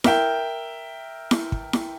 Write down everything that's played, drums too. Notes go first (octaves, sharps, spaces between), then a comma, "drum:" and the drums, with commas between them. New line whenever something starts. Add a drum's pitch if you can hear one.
A#4 E5 G5, drum: snare E4
drum: snare E4
drum: kick
drum: snare E4